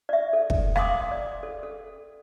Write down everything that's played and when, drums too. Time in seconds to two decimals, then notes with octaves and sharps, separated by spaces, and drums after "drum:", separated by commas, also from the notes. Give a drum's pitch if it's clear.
0.09 D5 E5
0.33 A4
0.50 drum: kick
0.76 F5 G5 C6 D6 D#6, drum: rim click
1.11 D5
1.43 A4
1.63 A4